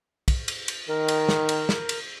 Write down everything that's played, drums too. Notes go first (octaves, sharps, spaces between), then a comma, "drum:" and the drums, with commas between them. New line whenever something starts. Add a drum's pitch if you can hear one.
drum: kick, cymbal
drum: cymbal
drum: cymbal
D#3 A#4
drum: cymbal
drum: snare
drum: cymbal
drum: snare
drum: cymbal